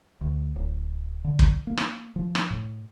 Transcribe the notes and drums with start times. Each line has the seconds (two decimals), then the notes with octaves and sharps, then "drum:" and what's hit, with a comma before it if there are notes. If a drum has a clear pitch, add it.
0.21 D2
0.56 D1
1.24 D3
1.39 drum: kick
1.67 A#3
1.77 drum: rim click
2.16 F3
2.35 drum: rim click
2.51 A2